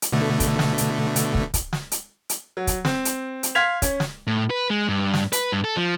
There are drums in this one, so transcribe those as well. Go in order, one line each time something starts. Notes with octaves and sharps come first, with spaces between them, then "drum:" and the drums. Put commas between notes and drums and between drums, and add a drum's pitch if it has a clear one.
drum: hi-hat
B2 D3 A3
drum: kick, hi-hat
drum: snare
drum: hi-hat
drum: hi-hat
drum: kick
drum: kick, hi-hat
drum: snare
drum: hi-hat
drum: hi-hat
F#3
drum: kick, hi-hat
C4, drum: snare
drum: hi-hat
drum: hi-hat
F5 C6 F6 G#6 B6 F7
C#4, drum: kick, hi-hat
drum: snare
A2
B4
G#3
G2
drum: snare
B4, drum: hi-hat
G2
A4
F3